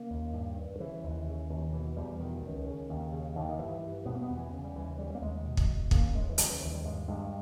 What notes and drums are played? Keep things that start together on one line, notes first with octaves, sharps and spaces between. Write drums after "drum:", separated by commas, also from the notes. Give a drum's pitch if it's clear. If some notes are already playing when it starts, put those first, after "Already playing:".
Already playing: C#3 A#3
D#2
G2
G2
C#3 E3
D#2
C#3
D#2
B2 E3
E2 G3
B2 D#3
C#2
C#3
D#2
C#3
D#2
D#3
G2 E3
G2
B2 B3
A#3
B3
E2
E3
C#3
G3
D#2 E3
C#3 G3
A#3
D#2 G#3
B2
drum: kick
E2
C#3 A#3, drum: kick
D#2 G#3
E3
C#3 G3, drum: hi-hat
E3
D#2 E3
G3
G2 G#3
G2 G#3